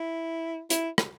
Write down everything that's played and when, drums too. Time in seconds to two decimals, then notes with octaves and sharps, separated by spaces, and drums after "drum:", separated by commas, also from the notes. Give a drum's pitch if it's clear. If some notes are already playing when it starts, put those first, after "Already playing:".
Already playing: E4
0.70 E4, drum: hi-hat
0.98 drum: rim click